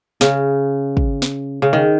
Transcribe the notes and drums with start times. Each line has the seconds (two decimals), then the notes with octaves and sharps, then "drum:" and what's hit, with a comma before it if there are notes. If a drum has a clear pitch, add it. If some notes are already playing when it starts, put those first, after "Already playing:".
0.21 C#3, drum: snare
0.97 drum: kick
1.22 drum: snare
1.62 C#3
1.73 D#3